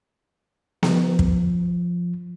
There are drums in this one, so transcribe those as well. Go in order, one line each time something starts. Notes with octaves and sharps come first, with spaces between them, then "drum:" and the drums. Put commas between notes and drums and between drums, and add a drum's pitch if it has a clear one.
F3, drum: snare B3
drum: kick